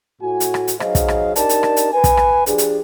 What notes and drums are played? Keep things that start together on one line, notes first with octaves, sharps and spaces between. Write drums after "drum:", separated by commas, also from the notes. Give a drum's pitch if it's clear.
A2 F#4 G#5
drum: hi-hat
drum: rim click
drum: hi-hat
F#3 D#4 G#4 C5 D#5 F5, drum: rim click
drum: kick, hi-hat
drum: rim click
D4 D#4 G4 A#4 D5 A5, drum: hi-hat
drum: hi-hat
drum: rim click
drum: hi-hat
B4 G#5
drum: kick, hi-hat
drum: rim click
F3 D4 G4 G#4, drum: hi-hat
drum: hi-hat